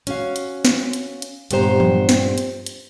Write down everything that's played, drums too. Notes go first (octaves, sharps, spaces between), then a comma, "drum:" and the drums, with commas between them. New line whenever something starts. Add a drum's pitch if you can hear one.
C#4 F#4 F5, drum: hi-hat
drum: hi-hat
drum: snare
drum: hi-hat
drum: hi-hat
G2 A#2 B3 G4 C5 A#5, drum: hi-hat
drum: tom E3
drum: snare
drum: hi-hat
drum: hi-hat